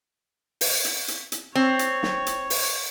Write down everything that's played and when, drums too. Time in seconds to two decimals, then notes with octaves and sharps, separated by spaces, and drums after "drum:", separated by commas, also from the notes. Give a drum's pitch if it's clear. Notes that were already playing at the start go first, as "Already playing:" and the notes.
0.61 drum: open hi-hat
0.84 drum: hi-hat
1.08 drum: hi-hat
1.32 drum: hi-hat
1.55 C4 C#5
1.79 drum: hi-hat
2.03 drum: snare
2.26 drum: hi-hat
2.50 drum: open hi-hat